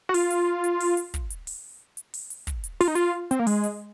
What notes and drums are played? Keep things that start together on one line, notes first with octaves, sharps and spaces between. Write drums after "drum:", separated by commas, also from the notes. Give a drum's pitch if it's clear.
F#4
F4, drum: open hi-hat
drum: hi-hat
drum: hi-hat
drum: open hi-hat
drum: hi-hat
drum: kick, hi-hat
drum: hi-hat
drum: open hi-hat
drum: hi-hat
drum: open hi-hat
drum: hi-hat
drum: kick, hi-hat
drum: hi-hat
F4, drum: open hi-hat
D#4
F4, drum: hi-hat
C4, drum: hi-hat
A#3
G#3, drum: open hi-hat
drum: hi-hat